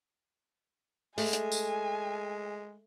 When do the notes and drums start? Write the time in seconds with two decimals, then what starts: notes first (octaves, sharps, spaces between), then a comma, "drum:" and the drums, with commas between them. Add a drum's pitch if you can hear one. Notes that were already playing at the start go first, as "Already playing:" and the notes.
1.18 G#3 A3 G#5, drum: open hi-hat
1.33 drum: hi-hat
1.52 drum: tambourine